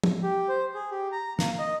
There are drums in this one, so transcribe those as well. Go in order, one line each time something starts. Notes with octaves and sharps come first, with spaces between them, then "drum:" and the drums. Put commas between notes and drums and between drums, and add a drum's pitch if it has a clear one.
drum: tom
G4
C5
G#4
G4
A#5
A#3, drum: snare
D#5